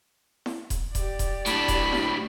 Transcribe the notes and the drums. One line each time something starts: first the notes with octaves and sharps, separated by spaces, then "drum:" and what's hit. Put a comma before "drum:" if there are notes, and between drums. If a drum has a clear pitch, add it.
drum: snare E4
drum: kick D#1, hi-hat
G4 D5, drum: kick D#1, hi-hat
drum: kick D#1, hi-hat
A2 D4 B5, drum: hi-hat
drum: kick D#1, hi-hat
drum: snare E4